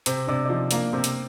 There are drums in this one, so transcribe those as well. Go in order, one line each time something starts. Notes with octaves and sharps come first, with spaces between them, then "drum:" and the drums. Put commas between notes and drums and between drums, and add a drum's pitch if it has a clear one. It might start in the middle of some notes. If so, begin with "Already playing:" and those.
C3 C4 C5, drum: hi-hat
C3 D4 D5
D5
F3 D#4 D#5
A#3 D4 D5, drum: hi-hat
C3 C4 C5
drum: hi-hat